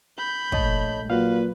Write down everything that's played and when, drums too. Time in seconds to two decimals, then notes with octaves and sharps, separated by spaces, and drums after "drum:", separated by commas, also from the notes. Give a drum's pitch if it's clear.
0.18 B5 G6
0.52 A#1 A3 C#5 D#5 A5, drum: kick
1.10 A#2 F#3 F#4 B4 F5